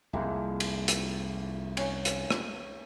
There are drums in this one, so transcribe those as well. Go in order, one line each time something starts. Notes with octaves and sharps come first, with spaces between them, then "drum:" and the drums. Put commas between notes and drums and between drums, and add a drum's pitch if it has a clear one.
C2 F2 G#3 A#3 E4
drum: cymbal
drum: hi-hat
C#4 D#4, drum: cymbal
drum: hi-hat
drum: rim click